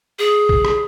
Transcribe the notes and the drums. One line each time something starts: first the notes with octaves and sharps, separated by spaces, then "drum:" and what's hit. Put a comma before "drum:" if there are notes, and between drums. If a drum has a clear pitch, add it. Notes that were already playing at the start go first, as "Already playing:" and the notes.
G#4
drum: kick B1
drum: rim click